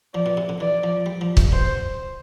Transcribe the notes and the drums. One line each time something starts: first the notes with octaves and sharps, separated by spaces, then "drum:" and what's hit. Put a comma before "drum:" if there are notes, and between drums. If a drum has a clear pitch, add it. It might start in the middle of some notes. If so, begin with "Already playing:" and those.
F3 D5
B2
C3
D3
E3 D5
F3
G3
F3
C3, drum: kick
B2 C5